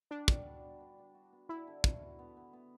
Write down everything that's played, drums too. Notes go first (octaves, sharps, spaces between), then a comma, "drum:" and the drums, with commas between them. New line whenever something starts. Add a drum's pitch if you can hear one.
G3 D4
F#4, drum: kick
B3
B3
B3
B3
F#4
B3
D3 E4
D3
F#4, drum: kick
B3
B3
B3
B3